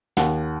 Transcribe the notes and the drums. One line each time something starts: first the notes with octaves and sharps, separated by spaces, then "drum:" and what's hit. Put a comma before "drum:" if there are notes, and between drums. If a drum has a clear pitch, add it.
D#2 F#5, drum: snare